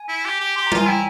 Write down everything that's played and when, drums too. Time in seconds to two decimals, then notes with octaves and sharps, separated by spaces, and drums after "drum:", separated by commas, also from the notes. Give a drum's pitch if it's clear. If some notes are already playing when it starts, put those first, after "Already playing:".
Already playing: G#5
0.08 E4
0.25 G4
0.40 G4
0.56 G4 C6
0.67 A#5
0.72 F4, drum: tom G3
0.78 G#5
0.87 E4 G5